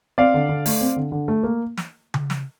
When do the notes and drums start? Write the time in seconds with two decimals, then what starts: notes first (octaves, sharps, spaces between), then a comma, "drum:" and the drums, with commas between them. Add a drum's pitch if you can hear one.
0.18 C4 D5 F5
0.34 D3
0.49 D3
0.66 A3, drum: open hi-hat
0.81 C4
0.96 D3
1.12 D3
1.28 A3
1.43 A#3
1.77 drum: snare
2.14 drum: tom C#3
2.30 drum: snare